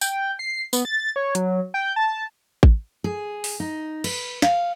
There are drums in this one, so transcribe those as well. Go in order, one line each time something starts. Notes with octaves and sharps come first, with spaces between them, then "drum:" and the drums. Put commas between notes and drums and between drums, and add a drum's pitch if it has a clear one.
G5, drum: tambourine
C7
B3, drum: tambourine
A6
C#5
F#3, drum: hi-hat
G5
A5
drum: kick A1
G#4
drum: open hi-hat
D#4
B4, drum: cymbal
F5, drum: snare